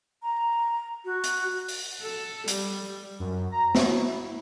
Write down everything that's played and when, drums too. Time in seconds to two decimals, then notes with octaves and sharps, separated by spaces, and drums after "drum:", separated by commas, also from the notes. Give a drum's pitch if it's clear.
0.23 A#5
1.05 F#4
1.24 drum: hi-hat
1.68 drum: open hi-hat
2.02 A4
2.48 G3, drum: hi-hat
3.19 F#2
3.52 A#5
3.75 F#4, drum: snare
3.88 E4